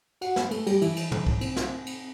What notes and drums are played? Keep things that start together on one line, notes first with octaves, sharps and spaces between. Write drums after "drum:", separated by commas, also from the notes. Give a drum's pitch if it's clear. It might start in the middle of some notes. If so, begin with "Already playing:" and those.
F#4 F#5, drum: cymbal
B3 B4, drum: snare
A3 A4, drum: cymbal
G3 G4, drum: cymbal
E3 E4, drum: cymbal
drum: cymbal
drum: tom
drum: kick C2
C4, drum: cymbal
drum: snare
drum: cymbal